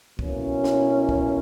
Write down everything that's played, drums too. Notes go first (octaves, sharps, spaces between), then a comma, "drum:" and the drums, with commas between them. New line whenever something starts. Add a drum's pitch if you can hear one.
B2 A#3 C#4 E4, drum: kick
drum: snare
drum: kick